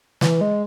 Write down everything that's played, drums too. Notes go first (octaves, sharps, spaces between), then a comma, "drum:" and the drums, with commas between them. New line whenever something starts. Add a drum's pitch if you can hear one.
E3, drum: snare
G#3